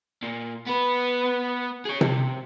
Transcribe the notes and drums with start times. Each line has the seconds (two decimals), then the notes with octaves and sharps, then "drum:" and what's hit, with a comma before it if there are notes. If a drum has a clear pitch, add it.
0.22 A#2
0.67 B3 B4
1.85 G#4 C#5
2.01 C3, drum: tom C3